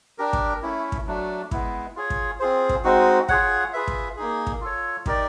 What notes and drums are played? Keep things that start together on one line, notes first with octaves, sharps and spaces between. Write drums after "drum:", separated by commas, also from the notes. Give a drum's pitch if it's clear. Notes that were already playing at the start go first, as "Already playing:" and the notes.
D4 G4 A#4
drum: kick
A3 C#4 E4
drum: kick
F#3 A3 D4
G#3 B3 E4, drum: kick
F4 G#4 C#5
drum: kick
C4 F4 G#4 C5
drum: kick
G#3 C4 D#4 F#4
F4 G#4 C#5 F#5, drum: kick
F4 G#4 B4 E5
drum: kick
A#3 D#4 G#4
drum: kick
F4 A4 C#5
D#4 G4 A#4 D5, drum: kick